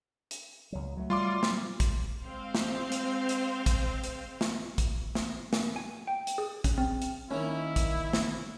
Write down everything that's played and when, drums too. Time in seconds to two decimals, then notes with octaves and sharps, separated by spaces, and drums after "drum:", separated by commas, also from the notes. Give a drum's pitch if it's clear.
0.31 drum: hi-hat
0.72 C#2 F#3
0.97 F#3 A3
1.10 G3 F4 C6 D6
1.43 drum: snare
1.80 drum: kick, hi-hat
2.25 G#3 C4 C5 F5
2.55 drum: snare
2.92 drum: hi-hat
3.29 drum: hi-hat
3.66 drum: kick, hi-hat
4.04 drum: hi-hat
4.41 drum: snare
4.78 drum: kick, hi-hat
5.15 drum: snare
5.53 drum: snare
5.76 G#5
6.07 G5
6.27 drum: hi-hat
6.38 G#4
6.64 C#4, drum: kick, hi-hat
6.78 C4
7.02 drum: hi-hat
7.31 D#3 A#3 C#4 E4
7.76 drum: kick, hi-hat
8.13 drum: snare